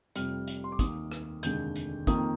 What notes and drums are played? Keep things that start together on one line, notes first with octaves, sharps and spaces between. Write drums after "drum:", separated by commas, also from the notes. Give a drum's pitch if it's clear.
F1 F2 C3 G3 F6, drum: hi-hat
drum: hi-hat
C6
D6
D#2 D#3 A#3 D#6, drum: kick, hi-hat
drum: rim click
F1 D#2 D3 G#3 G6, drum: hi-hat
drum: hi-hat
F2 D#3 A#3 D#6, drum: kick, hi-hat